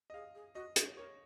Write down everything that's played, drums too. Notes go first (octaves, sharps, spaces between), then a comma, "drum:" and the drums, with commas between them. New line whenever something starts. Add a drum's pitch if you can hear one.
D#5
G#4 F5
G#4
F#4 D#5
G#4, drum: hi-hat
A#4 C#5